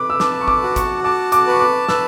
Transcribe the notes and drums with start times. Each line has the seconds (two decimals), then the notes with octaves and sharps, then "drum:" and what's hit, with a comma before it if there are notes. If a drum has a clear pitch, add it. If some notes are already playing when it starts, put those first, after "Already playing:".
Already playing: B4 D6
0.10 E6
0.20 A5 D6, drum: snare
0.41 C#6
0.48 D6, drum: kick A1
0.62 F#4
0.76 C#6, drum: kick A1, hi-hat
1.04 A5 D6
1.32 D6, drum: hi-hat
1.47 B4 C#6
1.60 D6
1.89 B4 E6, drum: snare